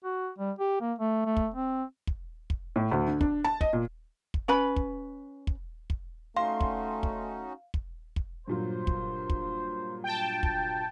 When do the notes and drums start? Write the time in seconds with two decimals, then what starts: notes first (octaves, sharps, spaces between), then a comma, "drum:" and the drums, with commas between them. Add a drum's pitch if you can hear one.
0.04 F#4
0.38 G3
0.59 G4
0.81 A#3
0.99 A3
1.25 A3
1.37 drum: kick
1.54 C4
2.07 drum: kick
2.50 drum: kick
2.76 A2
2.91 D2
3.08 D3
3.21 D4, drum: kick
3.44 A5
3.61 D#5, drum: kick
3.73 A#2
4.34 drum: kick
4.48 C#4 B4 B5
4.76 drum: kick
5.47 drum: kick
5.90 drum: kick
6.36 A3 C#4 D#4 F#4 F5 C6
6.61 drum: kick
7.03 drum: kick
7.74 drum: kick
8.16 drum: kick
8.47 G2 A#2 F#3 C5
8.87 drum: kick
9.30 drum: kick
10.04 G5 A5
10.43 drum: kick